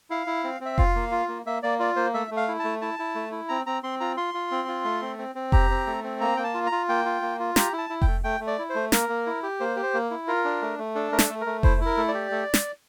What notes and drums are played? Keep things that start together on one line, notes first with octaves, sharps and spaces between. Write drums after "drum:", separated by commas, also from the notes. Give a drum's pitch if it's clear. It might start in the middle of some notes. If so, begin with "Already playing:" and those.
E4 F5
E4
C4
C4
E5
F4 F5, drum: kick F1
A#3
F4
A#3
A#3 E5
A#3 D5
F4 D5
A#3 C5
A3 E5
A3
F5
E4
A5
A3
E4 A5
E4
A3
E4
C4 A#5
C4 A#5
C4 C6
F4 A#5
F4 C6
F4
C4
F4
A3
C4
C4
C4
G4 A#5, drum: kick F1
C4
A3
C4
A#3 A#5
A#3 G5
A5
F4
A#5
F4
A#3 G5
F4
A#3
F4
G4 A#5, drum: snare
E4
A5
E4
G5, drum: kick F1
A3
A3 G5
A3
D5
E4
C5
A3
A#3 A#4, drum: snare
A#3
E4
G4
A#3 C5
G4
C5
A#3
E4
F4 A#4
D4
A3
A3
D4 A4
A3 A#4
A4, drum: snare
A3
A#4
A3
E4 C5, drum: kick F1
E4 A#4
A3
D5
G4
A3
drum: snare